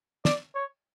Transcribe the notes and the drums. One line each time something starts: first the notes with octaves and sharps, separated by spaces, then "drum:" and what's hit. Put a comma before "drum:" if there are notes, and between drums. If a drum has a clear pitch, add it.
D5, drum: snare
C#5